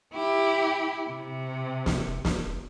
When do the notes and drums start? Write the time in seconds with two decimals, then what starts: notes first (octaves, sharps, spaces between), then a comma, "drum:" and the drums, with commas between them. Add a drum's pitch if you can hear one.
0.13 E4 G4
1.09 C3
1.86 drum: snare
2.25 drum: snare